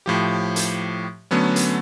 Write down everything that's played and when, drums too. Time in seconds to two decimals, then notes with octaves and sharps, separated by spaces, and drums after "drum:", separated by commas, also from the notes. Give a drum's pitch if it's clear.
0.06 A2 F3 G4
0.56 drum: hi-hat
1.31 D3 F#3 A3 B3 C#4
1.56 drum: hi-hat